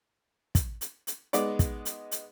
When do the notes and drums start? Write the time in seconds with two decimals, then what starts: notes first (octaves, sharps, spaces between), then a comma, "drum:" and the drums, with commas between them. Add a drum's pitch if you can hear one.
0.55 drum: kick, hi-hat
0.81 drum: hi-hat
1.07 drum: hi-hat
1.33 G#3 B3 D#4 D5, drum: hi-hat
1.59 drum: kick, hi-hat
1.85 drum: hi-hat
2.11 drum: hi-hat